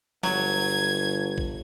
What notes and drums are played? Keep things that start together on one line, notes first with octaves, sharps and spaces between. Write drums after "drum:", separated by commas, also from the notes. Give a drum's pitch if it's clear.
G1 F#3 G#6, drum: snare
drum: kick